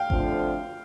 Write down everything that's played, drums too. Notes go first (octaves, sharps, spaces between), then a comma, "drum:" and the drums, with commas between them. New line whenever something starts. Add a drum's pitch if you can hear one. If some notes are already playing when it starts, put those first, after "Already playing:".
Already playing: F5 G5
D3 F3 A3 C4, drum: kick G#1